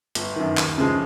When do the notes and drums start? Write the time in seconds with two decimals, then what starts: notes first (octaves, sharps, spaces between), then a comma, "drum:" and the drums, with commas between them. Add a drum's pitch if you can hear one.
0.15 G1, drum: hi-hat
0.36 F#2 D#3
0.58 D#2, drum: clap
0.78 C#3 F3 G#3